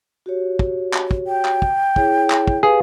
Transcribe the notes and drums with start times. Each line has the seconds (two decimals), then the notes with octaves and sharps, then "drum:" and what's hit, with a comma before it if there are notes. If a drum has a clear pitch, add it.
0.26 F#4 G4 C#5
0.59 drum: kick
0.94 drum: clap
1.11 drum: kick
1.27 G5
1.45 drum: clap
1.62 drum: kick
1.96 E4 G#4 C#5, drum: kick
2.30 drum: clap
2.47 drum: kick
2.63 G4 G#4 B4 F5